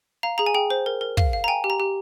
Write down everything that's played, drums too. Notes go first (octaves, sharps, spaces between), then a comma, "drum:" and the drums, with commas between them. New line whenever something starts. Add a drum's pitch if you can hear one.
F5 A#5
G#4 A#5
G#5
G#4 G5
C5
A#4
A#4
F5, drum: kick
F5
A#5
G5 G#5
G4
A#5
G4